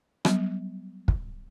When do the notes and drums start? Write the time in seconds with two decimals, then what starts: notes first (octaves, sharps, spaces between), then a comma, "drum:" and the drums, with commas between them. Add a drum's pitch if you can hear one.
0.25 F#3 G3 B3, drum: rim click
1.08 drum: kick